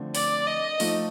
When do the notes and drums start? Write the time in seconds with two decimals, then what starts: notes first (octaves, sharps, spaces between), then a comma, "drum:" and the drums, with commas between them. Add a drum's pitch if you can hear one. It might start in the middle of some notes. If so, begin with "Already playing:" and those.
Already playing: D3 F3 A3 C4
0.15 D5, drum: open hi-hat
0.47 D#5
0.80 F3 A3 D#4, drum: open hi-hat